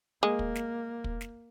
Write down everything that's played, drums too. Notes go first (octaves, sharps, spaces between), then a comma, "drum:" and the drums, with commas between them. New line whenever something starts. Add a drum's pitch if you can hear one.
G#3 A#3
drum: kick
drum: snare
drum: kick
drum: snare